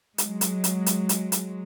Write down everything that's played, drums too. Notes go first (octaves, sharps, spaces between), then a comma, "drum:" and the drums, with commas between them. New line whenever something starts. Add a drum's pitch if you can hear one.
F#3 G#3, drum: hi-hat
drum: hi-hat
drum: hi-hat
drum: hi-hat
drum: hi-hat
drum: hi-hat